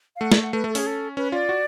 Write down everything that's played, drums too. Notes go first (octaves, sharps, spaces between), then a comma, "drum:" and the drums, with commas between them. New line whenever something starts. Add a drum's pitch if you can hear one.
F5
A3 F#5
D5, drum: snare
A3 F#5
A3 B4
A3
A4
C#4 G#4, drum: open hi-hat
A4
C#4 B4
F4 D5
F#4